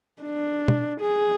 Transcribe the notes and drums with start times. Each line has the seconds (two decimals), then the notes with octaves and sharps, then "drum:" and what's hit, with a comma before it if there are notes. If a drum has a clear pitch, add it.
0.22 D4
0.68 drum: tom
1.01 G#4